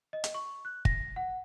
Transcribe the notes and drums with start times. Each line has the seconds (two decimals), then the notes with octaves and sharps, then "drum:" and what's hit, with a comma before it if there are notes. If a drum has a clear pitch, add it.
0.13 D#5
0.24 drum: hi-hat
0.34 C#6
0.65 F#6
0.85 A#6, drum: kick
1.16 F#5